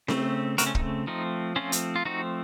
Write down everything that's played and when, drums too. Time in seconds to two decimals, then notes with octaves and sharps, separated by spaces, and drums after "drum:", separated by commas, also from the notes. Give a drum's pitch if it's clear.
0.08 C#3 A3 C4, drum: snare C4
0.58 C#3 A3 C4 F#4 A#4, drum: hi-hat
0.66 C#4
0.75 D#4, drum: kick
1.07 F3 A3 C4 D#4
1.56 F3 A3 C4 C#4 F4
1.72 drum: hi-hat
1.96 F4
2.05 F3 A3 C4 D#4 F#4